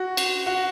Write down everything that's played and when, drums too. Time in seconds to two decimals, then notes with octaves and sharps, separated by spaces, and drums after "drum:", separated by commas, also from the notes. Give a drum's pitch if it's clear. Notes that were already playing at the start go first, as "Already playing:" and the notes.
Already playing: F#4
0.17 drum: cymbal
0.46 F#4